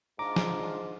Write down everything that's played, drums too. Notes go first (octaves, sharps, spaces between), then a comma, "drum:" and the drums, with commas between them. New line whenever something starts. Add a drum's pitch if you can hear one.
G#2 D4 F4 A#5 D6
drum: snare